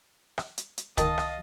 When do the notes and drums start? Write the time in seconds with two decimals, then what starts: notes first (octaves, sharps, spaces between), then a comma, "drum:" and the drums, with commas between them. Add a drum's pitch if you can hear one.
0.38 drum: rim click
0.58 drum: hi-hat
0.78 drum: hi-hat
0.98 D#3 D#5 F5 A5 D#6, drum: kick C#2, hi-hat
1.18 drum: rim click